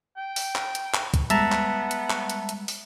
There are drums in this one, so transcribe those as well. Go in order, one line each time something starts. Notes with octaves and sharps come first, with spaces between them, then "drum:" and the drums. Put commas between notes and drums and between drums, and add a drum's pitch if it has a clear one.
G5
drum: open hi-hat
drum: clap
drum: hi-hat
drum: clap
drum: kick, hi-hat
G3 G#3 B3 E5 A5 A#5, drum: hi-hat
drum: clap
drum: hi-hat
drum: clap
drum: hi-hat
drum: hi-hat
drum: open hi-hat